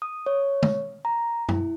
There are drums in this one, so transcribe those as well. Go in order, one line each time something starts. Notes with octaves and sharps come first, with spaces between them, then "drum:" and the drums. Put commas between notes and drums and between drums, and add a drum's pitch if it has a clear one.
D#6
C#5
drum: tom
A#5
E4, drum: tom